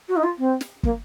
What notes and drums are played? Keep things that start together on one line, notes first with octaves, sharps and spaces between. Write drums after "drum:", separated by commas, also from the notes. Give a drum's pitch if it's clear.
F#4
D#4
F4
C4
drum: snare
A#3, drum: kick